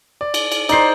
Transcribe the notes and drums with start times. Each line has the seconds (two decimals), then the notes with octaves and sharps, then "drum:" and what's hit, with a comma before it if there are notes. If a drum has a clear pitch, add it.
0.21 D5
0.34 drum: cymbal
0.52 drum: cymbal
0.69 D#4 C5 D5 C7, drum: cymbal